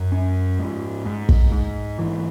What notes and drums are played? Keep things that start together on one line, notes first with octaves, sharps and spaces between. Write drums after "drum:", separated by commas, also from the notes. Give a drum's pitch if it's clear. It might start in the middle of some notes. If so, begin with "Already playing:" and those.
Already playing: F#2
C#4
G#2
G#2
drum: kick
G#2
E3